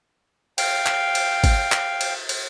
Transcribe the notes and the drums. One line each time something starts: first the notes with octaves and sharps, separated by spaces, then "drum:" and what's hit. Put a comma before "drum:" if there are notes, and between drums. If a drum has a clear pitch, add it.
F5 G5, drum: cymbal
drum: clap
drum: cymbal
drum: kick, cymbal
drum: clap
drum: cymbal
drum: cymbal